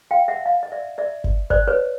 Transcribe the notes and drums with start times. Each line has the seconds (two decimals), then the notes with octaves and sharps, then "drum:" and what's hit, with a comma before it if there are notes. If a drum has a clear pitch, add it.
0.11 F5 G5
0.28 E5 F#5
0.46 D#5 F5
0.63 D#5
0.72 D5 E5
0.98 D5 E5
1.24 drum: kick G1
1.50 C5 D5, drum: kick G1
1.68 B4 C#5